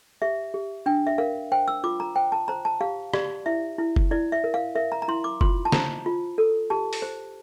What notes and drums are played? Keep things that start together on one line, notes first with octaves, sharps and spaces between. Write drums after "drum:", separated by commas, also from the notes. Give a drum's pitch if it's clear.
G4 E5
G4
D4 G5
E5
A#4 F5
C5 G5
E6
F4 D6
A#5
C5 G5
A5
C5 A#5
A5
G4 F5
G4 D5, drum: rim click
E4 E5
E4
drum: kick F#1
E4 D5
E5
A#4
F5
A#4 E5
A#5
A#5
E4 C6
D6
F4 C6, drum: kick F#1
A5
C5 A#5, drum: snare
F4
A4
G4 A5
drum: open hi-hat
C5